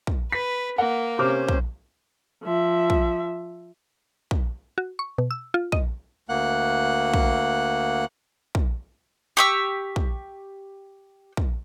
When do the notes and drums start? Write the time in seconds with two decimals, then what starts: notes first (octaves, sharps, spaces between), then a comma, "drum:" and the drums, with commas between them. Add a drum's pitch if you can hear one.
0.07 drum: kick
0.32 B4 B6
0.78 A#3 F#5
1.19 C3 C#4 C5 D6 F6
1.49 drum: kick
2.43 F3 E5
2.90 drum: kick
4.31 drum: kick
4.78 F#4
4.99 C#6
5.18 B2
5.31 E6
5.54 F4
5.72 D#5, drum: kick
6.29 D2 A#3 F#5 F#6
7.14 drum: kick
8.55 drum: kick
9.37 G4 C#6 E6
9.96 drum: kick
11.37 drum: kick